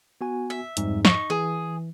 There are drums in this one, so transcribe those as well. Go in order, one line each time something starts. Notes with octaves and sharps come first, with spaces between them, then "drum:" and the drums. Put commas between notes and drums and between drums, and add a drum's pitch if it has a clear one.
B3 F#4 G#5
E5
F2 G#2 G3, drum: hi-hat
D#4 F#4 C#6, drum: snare
E3 G#4